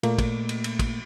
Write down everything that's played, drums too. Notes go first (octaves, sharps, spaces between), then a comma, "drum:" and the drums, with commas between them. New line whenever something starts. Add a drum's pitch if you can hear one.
A#2 A3 A#3, drum: cymbal
drum: kick, cymbal
drum: cymbal
drum: cymbal
drum: kick, cymbal